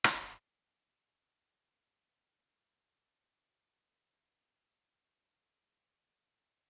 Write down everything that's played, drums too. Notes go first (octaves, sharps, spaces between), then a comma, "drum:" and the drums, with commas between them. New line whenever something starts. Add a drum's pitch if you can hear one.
drum: rim click
B1 G2 B2 F3
B2 D#3 G#3 B4 C#5
C3 B3 F#5
D#4 C#5 D6 D#6